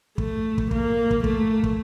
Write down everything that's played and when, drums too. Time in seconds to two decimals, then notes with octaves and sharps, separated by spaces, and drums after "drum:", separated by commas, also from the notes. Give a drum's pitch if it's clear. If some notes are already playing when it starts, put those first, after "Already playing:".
0.18 A3, drum: kick
0.58 drum: kick
0.71 A#3, drum: kick
1.11 drum: kick
1.24 A3, drum: kick
1.64 drum: kick